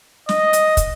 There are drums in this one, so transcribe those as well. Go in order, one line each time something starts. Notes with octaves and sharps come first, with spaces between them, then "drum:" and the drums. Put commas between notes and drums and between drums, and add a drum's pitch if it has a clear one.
D#5, drum: snare
drum: hi-hat
drum: kick, hi-hat